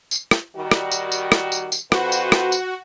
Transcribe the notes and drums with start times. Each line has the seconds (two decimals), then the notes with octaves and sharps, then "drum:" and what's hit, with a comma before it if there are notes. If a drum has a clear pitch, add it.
0.11 drum: tambourine
0.31 drum: rim click
0.56 D#3 G3 F#4
0.71 drum: rim click
0.92 drum: tambourine
1.12 drum: tambourine
1.32 drum: rim click
1.52 drum: tambourine
1.72 drum: tambourine
1.92 F2 F#4 B4 C5, drum: rim click
2.12 drum: tambourine
2.32 drum: rim click
2.52 drum: tambourine